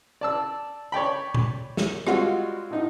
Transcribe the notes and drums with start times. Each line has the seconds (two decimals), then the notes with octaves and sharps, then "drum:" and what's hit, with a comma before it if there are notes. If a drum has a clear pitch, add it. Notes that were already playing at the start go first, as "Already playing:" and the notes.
0.21 D5 A5 E6
0.92 C#5 D5 G5 B5
1.34 drum: tom A#2
1.77 drum: snare
2.07 G3 G#3 C4 F4 F#4, drum: rim click
2.70 A2 D#4